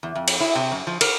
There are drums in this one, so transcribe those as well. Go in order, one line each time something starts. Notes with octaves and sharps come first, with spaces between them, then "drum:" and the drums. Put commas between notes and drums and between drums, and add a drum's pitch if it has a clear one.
E2
F2
drum: cymbal
E4
C3
F#2
F3
A#4, drum: cymbal